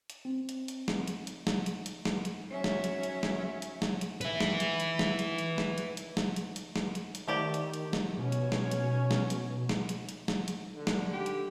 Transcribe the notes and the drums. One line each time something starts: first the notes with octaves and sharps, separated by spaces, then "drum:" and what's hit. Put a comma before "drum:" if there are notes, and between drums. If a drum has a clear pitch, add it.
drum: hi-hat
C4
drum: hi-hat
drum: hi-hat
drum: snare
drum: hi-hat
drum: hi-hat
drum: snare
drum: hi-hat
drum: hi-hat
drum: snare
drum: hi-hat
F#3 C#4 E5
drum: snare
drum: hi-hat
drum: hi-hat
drum: snare
drum: hi-hat
drum: snare
drum: hi-hat
B4 E5, drum: hi-hat
drum: snare
drum: hi-hat
drum: hi-hat
drum: snare
drum: hi-hat
drum: hi-hat
drum: snare
drum: hi-hat
drum: hi-hat
drum: snare
drum: hi-hat
drum: hi-hat
drum: snare
drum: hi-hat
drum: hi-hat
D#3 A3 G4 D5
drum: hi-hat
drum: hi-hat
drum: snare
B2 C#4 C#5
drum: hi-hat
drum: snare
drum: hi-hat
drum: snare
drum: hi-hat
drum: snare
drum: hi-hat
drum: hi-hat
drum: snare
drum: hi-hat
D3
drum: snare
G4
drum: hi-hat